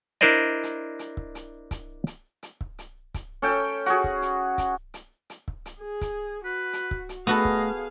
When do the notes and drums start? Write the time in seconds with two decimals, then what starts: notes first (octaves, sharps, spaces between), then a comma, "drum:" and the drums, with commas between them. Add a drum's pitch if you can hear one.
0.21 D4 E4 A#4 C5 D5 D#5
0.63 drum: hi-hat
0.99 drum: hi-hat
1.17 drum: kick C#1
1.35 drum: hi-hat
1.71 drum: kick C#1, hi-hat
2.07 drum: hi-hat
2.43 drum: hi-hat
2.61 drum: kick C#1
2.79 drum: hi-hat
3.14 drum: kick C#1, hi-hat
3.42 C#4 A4 G5
3.86 F#4 G#4, drum: hi-hat
4.04 drum: kick C#1
4.22 drum: hi-hat
4.58 drum: kick C#1, hi-hat
4.94 drum: hi-hat
5.30 drum: hi-hat
5.48 drum: kick C#1
5.66 drum: hi-hat
5.80 G#4
6.01 drum: kick C#1, hi-hat
6.45 F#4 B4
6.73 drum: hi-hat
6.91 drum: kick C#1
7.09 drum: hi-hat
7.27 A3 B3 F#4 G#4 A4 D#5 F5
7.45 drum: kick C#1